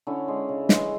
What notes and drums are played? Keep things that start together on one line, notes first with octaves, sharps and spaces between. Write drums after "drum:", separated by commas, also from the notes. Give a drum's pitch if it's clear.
D3 C#4 E4
G#3
C#3
E3 G#3, drum: snare